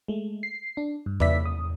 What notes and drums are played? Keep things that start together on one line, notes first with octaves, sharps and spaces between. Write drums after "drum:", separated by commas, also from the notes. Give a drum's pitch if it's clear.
G#3 A3
C7
D4
G2
B4 D5 E5 B6, drum: tom E2
D#6